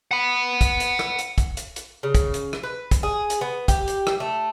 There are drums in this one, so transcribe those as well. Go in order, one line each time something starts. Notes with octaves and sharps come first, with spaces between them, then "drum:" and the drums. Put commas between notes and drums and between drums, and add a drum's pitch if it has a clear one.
F#5 B5
drum: kick, hi-hat
drum: hi-hat
drum: rim click
drum: hi-hat
drum: kick, hi-hat
drum: hi-hat
drum: hi-hat
C#3
drum: kick, hi-hat
drum: hi-hat
drum: rim click
B4
drum: kick, hi-hat
G#4
drum: hi-hat
B3
G4, drum: kick, hi-hat
drum: hi-hat
drum: rim click
A3